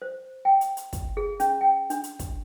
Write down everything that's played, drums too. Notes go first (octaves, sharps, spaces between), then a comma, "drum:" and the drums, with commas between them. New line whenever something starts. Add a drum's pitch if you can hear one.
C5
G5
drum: hi-hat
drum: hi-hat
drum: kick, hi-hat
G#4
C#4, drum: hi-hat
G5
D4, drum: hi-hat
drum: hi-hat
drum: kick, hi-hat